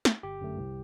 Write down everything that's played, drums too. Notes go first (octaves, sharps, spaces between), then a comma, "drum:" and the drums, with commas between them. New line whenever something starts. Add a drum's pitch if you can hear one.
drum: snare
G1 G4
F#2 D3 A3
C2